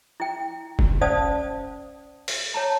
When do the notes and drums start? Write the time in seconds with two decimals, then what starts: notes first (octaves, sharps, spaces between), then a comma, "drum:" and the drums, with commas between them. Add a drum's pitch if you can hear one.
0.20 E4 G5
0.79 drum: kick F1
1.01 C#4 C5 D5 F5 A5 D#6
2.28 drum: open hi-hat
2.54 C#5 A5 A#5